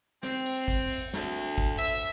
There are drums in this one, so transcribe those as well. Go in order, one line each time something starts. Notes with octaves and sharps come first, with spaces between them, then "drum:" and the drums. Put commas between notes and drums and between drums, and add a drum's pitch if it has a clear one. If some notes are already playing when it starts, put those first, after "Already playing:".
C4, drum: snare
drum: cymbal
drum: kick G#1
drum: cymbal
D2, drum: snare
drum: cymbal
drum: kick G#1
E5, drum: cymbal